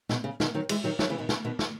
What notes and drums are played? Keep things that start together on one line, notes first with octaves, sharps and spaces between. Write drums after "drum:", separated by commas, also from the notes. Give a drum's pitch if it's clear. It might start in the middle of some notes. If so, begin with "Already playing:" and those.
B2, drum: snare
C#3
B2 D#3, drum: snare
D#3 F#3
E3 G#3, drum: cymbal
D#3 F#3
D#3 F#3, drum: snare
C#3 E3
B2 D#3
C#3 E3, drum: snare
B2 D#3
drum: snare